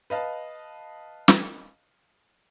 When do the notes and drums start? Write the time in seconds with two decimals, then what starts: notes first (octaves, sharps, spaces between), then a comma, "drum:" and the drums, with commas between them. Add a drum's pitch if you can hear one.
0.10 B4 D#5 F5 A5
1.28 drum: snare